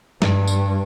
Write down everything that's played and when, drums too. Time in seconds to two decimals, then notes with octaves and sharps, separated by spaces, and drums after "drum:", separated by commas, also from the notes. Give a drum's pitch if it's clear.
0.22 G2, drum: snare
0.47 drum: tambourine